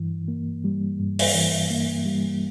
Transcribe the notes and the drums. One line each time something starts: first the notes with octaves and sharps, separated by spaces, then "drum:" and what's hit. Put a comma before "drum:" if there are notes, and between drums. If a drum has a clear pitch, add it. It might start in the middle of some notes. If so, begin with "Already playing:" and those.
Already playing: G2 E3
A#3
G3
G2
drum: open hi-hat
E3
A#3
G3